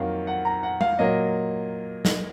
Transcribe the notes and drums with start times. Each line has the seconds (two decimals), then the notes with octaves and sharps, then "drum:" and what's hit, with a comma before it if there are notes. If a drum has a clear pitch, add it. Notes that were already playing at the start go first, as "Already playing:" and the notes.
Already playing: F2 D#3 F#3 A#3 F5
0.27 F#5
0.45 A#5
0.63 F#5
0.81 F5, drum: tom G#3
0.99 A#2 F#3 A#3 D#5
2.05 drum: snare